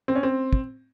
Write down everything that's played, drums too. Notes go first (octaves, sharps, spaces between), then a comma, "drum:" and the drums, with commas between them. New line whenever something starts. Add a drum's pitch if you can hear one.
C4
C#4
C4
drum: kick